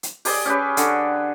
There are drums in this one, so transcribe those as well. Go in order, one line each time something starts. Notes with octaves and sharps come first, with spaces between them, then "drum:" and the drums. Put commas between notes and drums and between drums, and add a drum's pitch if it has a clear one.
drum: hi-hat
G4 G#4 D5, drum: open hi-hat
C#4 G4 G#4 B4
D3, drum: hi-hat